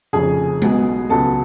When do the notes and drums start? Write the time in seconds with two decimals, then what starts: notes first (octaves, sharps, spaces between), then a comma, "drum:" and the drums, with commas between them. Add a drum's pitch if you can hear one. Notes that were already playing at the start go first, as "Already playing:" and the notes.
0.13 F1 F2 C#3 G#4 G#5
0.62 B1 B2 G#3 B3, drum: tom G#3
1.10 C#2 C#3 F#3 B3 A4 A5